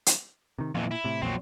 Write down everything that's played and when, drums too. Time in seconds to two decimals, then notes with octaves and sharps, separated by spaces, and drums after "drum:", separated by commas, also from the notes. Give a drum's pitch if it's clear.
0.06 drum: hi-hat
0.58 C3 D#3
0.75 F2 A#2 E3
0.91 E4
1.04 A2 C3
1.22 A#1 E2 A#2 F#3 C4